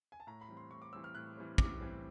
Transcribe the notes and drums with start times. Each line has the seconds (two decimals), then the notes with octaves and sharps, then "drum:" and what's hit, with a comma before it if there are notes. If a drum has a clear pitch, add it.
0.12 G#5
0.20 A5
0.27 A2 A#5
0.41 B5
0.49 E3 G3 C4
0.57 C6
0.71 A2 C#6
0.82 D6
0.92 E3 G3 C4 E6
1.04 F6
1.15 A2 F#6
1.37 E3 G3 C4
1.58 A2 D6, drum: kick
1.81 E3 G3 C4